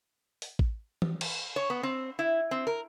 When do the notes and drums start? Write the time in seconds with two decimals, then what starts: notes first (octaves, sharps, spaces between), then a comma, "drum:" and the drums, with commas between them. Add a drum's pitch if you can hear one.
0.42 drum: open hi-hat
0.59 drum: kick A1
1.02 drum: tom E3
1.21 drum: cymbal
1.56 C#5
1.70 B3
1.83 C4
2.19 E4
2.51 C4
2.67 A#4